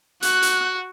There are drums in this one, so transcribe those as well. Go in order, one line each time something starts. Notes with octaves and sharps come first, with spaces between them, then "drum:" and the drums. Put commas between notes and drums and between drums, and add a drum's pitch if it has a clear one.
F#4 F#6, drum: hi-hat
drum: hi-hat